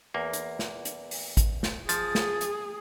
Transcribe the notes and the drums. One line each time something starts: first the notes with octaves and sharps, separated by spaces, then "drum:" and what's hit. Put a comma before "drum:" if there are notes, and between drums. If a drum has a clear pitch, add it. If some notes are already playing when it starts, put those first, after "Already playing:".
E2 A#3
drum: hi-hat
drum: snare
drum: hi-hat
drum: open hi-hat
drum: kick, hi-hat
drum: snare
F3 G#4 A6, drum: hi-hat
drum: snare
drum: hi-hat